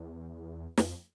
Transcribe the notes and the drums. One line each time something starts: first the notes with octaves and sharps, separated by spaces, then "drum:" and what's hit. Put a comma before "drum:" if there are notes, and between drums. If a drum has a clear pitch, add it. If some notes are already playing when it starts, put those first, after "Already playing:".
Already playing: E2
F2, drum: snare